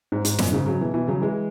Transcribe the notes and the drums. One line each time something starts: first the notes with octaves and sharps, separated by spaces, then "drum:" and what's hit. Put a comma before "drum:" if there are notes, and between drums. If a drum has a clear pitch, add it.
G#2
G#2, drum: hi-hat
F#2 B2, drum: snare
G#2 C#3
C#3 F#3
B2 E3
B2 E3
C#3 F#3
E3 G#3